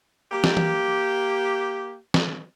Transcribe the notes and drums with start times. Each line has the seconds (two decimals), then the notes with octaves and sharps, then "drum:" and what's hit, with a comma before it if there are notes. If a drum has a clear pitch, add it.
0.31 A#3 G4
0.44 drum: snare
0.57 drum: tom E3
2.14 drum: snare